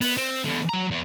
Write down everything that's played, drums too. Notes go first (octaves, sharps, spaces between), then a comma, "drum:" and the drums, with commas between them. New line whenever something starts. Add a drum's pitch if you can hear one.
B3, drum: open hi-hat
C4
E2 D3
F#3 A#5
E2